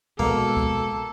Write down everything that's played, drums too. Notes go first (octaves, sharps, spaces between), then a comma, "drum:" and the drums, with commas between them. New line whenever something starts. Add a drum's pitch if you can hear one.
B2 G#3 A#3 B3 A4, drum: kick
drum: kick